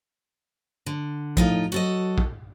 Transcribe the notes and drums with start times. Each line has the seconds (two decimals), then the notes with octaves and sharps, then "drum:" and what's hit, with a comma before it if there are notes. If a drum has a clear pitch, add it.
0.86 D3
1.37 A2 F3 D#4 F4, drum: kick A#1
1.72 F#3 F#4 A4 D#5
2.18 drum: kick A#1